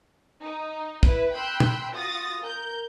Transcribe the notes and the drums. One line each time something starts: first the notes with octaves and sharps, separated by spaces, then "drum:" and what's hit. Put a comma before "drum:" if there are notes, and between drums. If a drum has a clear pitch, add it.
D#4
E4 B4, drum: kick
G5 B5 C6 E6 F#6
drum: tom
F4 F#4 D#6 A6 A#6
A#4 G6